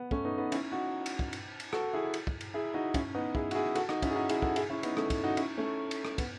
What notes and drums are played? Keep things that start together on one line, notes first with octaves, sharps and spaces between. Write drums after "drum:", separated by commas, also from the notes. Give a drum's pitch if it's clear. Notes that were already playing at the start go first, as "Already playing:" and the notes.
Already playing: B3
A3 C#4, drum: kick
B3 D#4
B3 D#4
C#4 E4, drum: cymbal
D#4 F#4
drum: cymbal
drum: kick
drum: cymbal
drum: cymbal
F#4 A4, drum: rim click
E4 G#4
drum: cymbal
drum: kick
drum: cymbal
E4 G#4
D#4 F#4
C#4 E4, drum: kick, cymbal
B3 D#4
E4 G#4, drum: kick
F#4, drum: cymbal
E4 G#4
F#4 A4, drum: cymbal
D#4 F#4, drum: rim click
C#4 E4, drum: kick, cymbal
G#4
D#4 F#4
E4 G#4, drum: cymbal
F#4 A4, drum: kick
E4 G#4, drum: cymbal
C#4 E4
B3 D#4, drum: cymbal
A3 C#4, drum: rim click
drum: kick, cymbal
D#4 F#4
C#4 E4, drum: cymbal
A3 C#4
drum: cymbal
drum: rim click
B3, drum: kick, cymbal